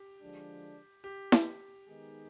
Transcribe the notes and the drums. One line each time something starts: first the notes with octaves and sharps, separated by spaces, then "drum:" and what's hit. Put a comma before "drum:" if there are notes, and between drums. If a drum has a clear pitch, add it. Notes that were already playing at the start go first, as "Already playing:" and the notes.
Already playing: G4
D3 F3 G#3 D4
G4
drum: snare E4
D#3 G#3 B3 D#4 G#4